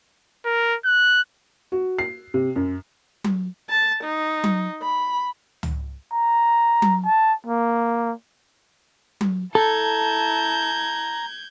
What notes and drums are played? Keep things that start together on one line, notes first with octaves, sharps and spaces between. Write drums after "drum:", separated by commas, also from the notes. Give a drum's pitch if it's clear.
A#4
F#6
F#4
C7
C3
F#2
drum: tom F#3
A5
D#4
drum: tom F#3
B5
drum: tom C#2
A#5
drum: tom F#3
A5
A#3
drum: tom F#3
E4 A4 A5 A#5 G6 G#6